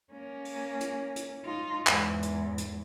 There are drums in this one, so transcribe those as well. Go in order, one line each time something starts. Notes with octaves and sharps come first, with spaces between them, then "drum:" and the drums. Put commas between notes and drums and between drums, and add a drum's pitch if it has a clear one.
A#3 C#4
drum: open hi-hat
drum: hi-hat
drum: hi-hat
D#4 F4
E2 G#2, drum: clap
drum: hi-hat
drum: hi-hat